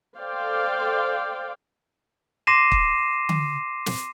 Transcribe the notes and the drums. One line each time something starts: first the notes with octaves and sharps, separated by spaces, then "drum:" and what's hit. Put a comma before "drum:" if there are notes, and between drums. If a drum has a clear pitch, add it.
A4 C5 D5 F5 G5
C6 D6 A#6 C7 D#7 E7
drum: kick
drum: tom D3
drum: snare